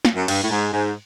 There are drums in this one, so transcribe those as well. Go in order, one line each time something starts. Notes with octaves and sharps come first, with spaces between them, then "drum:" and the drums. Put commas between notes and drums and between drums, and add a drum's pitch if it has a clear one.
drum: snare
F#2
G2, drum: cymbal
A2
G#2
G#2